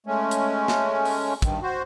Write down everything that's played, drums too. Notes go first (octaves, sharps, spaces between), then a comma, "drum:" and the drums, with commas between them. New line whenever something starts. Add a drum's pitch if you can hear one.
G#3 A3 C#4
drum: hi-hat
drum: snare
drum: open hi-hat
G2 D#3, drum: kick, hi-hat
F#4 C5